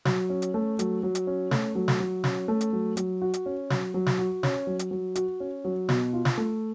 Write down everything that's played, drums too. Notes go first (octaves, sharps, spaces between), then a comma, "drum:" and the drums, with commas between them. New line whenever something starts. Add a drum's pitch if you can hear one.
F#3, drum: snare
C#4
drum: hi-hat
A3
F#3, drum: hi-hat
F#3
drum: hi-hat
C#4
A3, drum: snare
F#3
drum: snare
F#3
C#4, drum: snare
A3
drum: hi-hat
F#3
F#3, drum: hi-hat
F#4
drum: hi-hat
C#4
F#3, drum: snare
F#3
drum: snare
F#4
C#4, drum: snare
F#3
drum: hi-hat
F#3
F#4, drum: hi-hat
C#4
F#3
B2, drum: snare
F4
drum: snare
A3